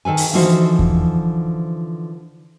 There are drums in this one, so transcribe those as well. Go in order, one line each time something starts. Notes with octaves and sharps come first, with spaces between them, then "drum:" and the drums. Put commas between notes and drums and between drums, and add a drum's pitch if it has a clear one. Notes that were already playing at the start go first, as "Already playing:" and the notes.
D#3 A4 B4 G#5
drum: open hi-hat
D3 E3 F3 D#4 F#4 C5
drum: kick E2